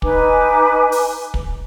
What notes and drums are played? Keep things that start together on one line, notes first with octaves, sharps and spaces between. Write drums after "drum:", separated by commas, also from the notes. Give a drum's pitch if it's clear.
D#4 B4 G#5 D6, drum: kick
drum: open hi-hat
drum: kick